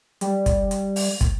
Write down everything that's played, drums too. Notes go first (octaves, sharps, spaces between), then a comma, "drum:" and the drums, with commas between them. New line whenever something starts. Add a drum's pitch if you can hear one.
G3, drum: hi-hat
drum: kick, hi-hat
drum: hi-hat
drum: open hi-hat
drum: kick, hi-hat